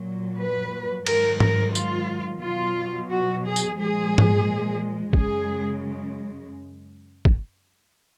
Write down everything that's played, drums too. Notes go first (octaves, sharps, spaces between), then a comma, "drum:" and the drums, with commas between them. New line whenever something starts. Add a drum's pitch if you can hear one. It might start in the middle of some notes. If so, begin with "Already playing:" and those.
Already playing: A#2 F#3
B4
G#2 D#3 F#3 A#4, drum: cymbal
A#4, drum: tom G#2
F4, drum: tambourine
B2 F#3 F4
F#4
G#4
drum: tambourine
A#2 F3 G#3 G#4
drum: tom G#2
F#2 C#3 G#3 G#4, drum: kick
drum: kick